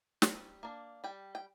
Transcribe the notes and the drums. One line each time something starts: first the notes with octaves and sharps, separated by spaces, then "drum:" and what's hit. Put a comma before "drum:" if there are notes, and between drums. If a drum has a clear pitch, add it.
G3, drum: snare
A#3 D4
G3 G5
G5